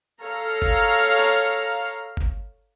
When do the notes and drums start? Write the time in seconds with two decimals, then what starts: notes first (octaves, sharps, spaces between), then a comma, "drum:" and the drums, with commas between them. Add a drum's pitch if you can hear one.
0.23 A4 C#5 F5 A#5
0.62 drum: kick G1
1.20 drum: clap
2.17 drum: kick G1